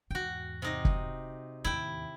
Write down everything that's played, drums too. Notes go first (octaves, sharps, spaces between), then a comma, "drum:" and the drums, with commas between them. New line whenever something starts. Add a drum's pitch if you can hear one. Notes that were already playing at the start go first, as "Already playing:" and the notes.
E2 G#2 F#4 G5
C3 D#4 D#5
drum: kick
D#2 A2 E4 G5